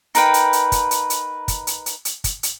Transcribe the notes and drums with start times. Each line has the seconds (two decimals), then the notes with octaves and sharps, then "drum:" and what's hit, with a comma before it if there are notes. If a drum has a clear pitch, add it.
0.15 D#4 A#4 B4 G5, drum: hi-hat
0.34 drum: hi-hat
0.53 drum: hi-hat
0.72 drum: kick, hi-hat
0.91 drum: hi-hat
1.10 drum: hi-hat
1.48 drum: kick, hi-hat
1.67 drum: hi-hat
1.86 drum: hi-hat
2.05 drum: hi-hat
2.24 drum: kick, hi-hat
2.43 drum: hi-hat